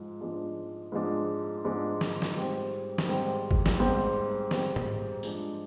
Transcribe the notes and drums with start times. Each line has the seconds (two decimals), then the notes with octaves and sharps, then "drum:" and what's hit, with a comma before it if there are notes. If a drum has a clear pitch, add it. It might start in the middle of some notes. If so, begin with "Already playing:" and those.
Already playing: G#2 F3 G#3
0.21 G#2 F3 G#3 D4
0.92 G#2 F3 G#3 D4
1.64 G#2 F3 G#3 D4
2.01 drum: snare
2.22 drum: snare
2.36 G#2 G3 C4 G4 C5
2.98 drum: snare
3.08 G#2 G3 C4 G4 C5
3.51 drum: kick G#1
3.66 drum: snare
3.80 G#2 G3 C4 G4 C5
4.51 G#2 G3 C4 G4 C5, drum: snare
4.76 drum: tom G#2
5.23 F3 G#3 D4, drum: tambourine